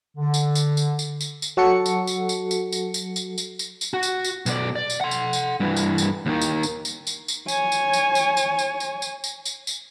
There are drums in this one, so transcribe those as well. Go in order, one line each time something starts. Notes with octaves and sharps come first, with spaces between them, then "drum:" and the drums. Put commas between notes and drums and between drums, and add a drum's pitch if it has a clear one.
D3
drum: tambourine
drum: tambourine
drum: tambourine
drum: tambourine
drum: tambourine
drum: tambourine
F#3 F#4 A4 C#7
drum: tambourine
drum: tambourine
drum: tambourine
drum: tambourine
drum: tambourine
drum: tambourine
drum: tambourine
drum: tambourine
drum: tambourine
drum: tambourine
F#4
drum: tambourine
drum: tambourine
B1 D5, drum: tambourine
D5
drum: tambourine
F#5 C6
drum: tambourine
drum: tambourine
G2 E3
drum: tambourine
drum: tambourine
D#2 D#3
drum: tambourine
drum: tambourine
drum: tambourine
drum: tambourine
drum: tambourine
C#5 G#5, drum: tambourine
drum: tambourine
drum: tambourine
drum: tambourine
drum: tambourine
drum: tambourine
drum: tambourine
drum: tambourine
drum: tambourine
drum: tambourine
drum: tambourine